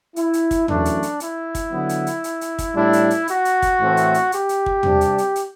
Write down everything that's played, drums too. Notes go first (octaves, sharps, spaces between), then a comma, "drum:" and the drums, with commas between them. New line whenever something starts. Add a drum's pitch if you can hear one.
E4, drum: hi-hat
drum: hi-hat
drum: kick, hi-hat
F#2 E3 A3 D4, drum: tom
drum: hi-hat
drum: hi-hat
E4, drum: hi-hat
drum: kick, hi-hat
D3 F#3 B3
drum: hi-hat
drum: hi-hat
drum: hi-hat
drum: hi-hat
drum: kick, hi-hat
A2 G3 D4 E4
drum: hi-hat
drum: hi-hat
F#4, drum: hi-hat
drum: hi-hat
drum: kick, hi-hat
A2 E3 A3 C4
drum: hi-hat
drum: hi-hat
G4, drum: hi-hat
drum: hi-hat
drum: kick
C3 G3 D4, drum: tom
drum: hi-hat
drum: hi-hat
drum: hi-hat